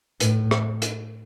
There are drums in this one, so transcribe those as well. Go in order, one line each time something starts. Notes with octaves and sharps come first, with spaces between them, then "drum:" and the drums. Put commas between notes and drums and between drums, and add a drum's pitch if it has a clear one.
A2, drum: hi-hat
drum: rim click
drum: hi-hat